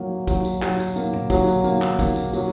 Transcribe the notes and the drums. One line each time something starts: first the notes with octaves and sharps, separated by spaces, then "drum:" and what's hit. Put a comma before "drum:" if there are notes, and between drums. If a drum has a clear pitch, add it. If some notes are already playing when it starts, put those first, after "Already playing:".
Already playing: F#3 A#3
F#3, drum: kick, tambourine
drum: tambourine
F#3, drum: clap
drum: tambourine
A#3, drum: tambourine
drum: tom A#2
F#3, drum: kick, tambourine
drum: tambourine
A#3, drum: tambourine
drum: clap
A#3, drum: kick, tambourine
drum: tambourine
F#3, drum: tambourine